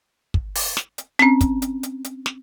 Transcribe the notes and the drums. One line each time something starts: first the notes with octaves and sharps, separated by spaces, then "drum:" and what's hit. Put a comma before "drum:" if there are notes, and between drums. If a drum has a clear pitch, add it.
drum: kick
drum: open hi-hat
drum: snare
drum: hi-hat
C4 C#4, drum: snare
drum: kick, hi-hat
drum: hi-hat
drum: hi-hat
drum: hi-hat
drum: snare